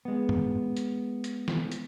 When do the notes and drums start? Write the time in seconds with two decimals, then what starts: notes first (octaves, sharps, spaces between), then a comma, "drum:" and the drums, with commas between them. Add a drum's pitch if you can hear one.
0.05 G#3 B3
0.29 drum: tom G2
0.77 drum: hi-hat
1.24 drum: hi-hat
1.48 drum: snare
1.72 drum: hi-hat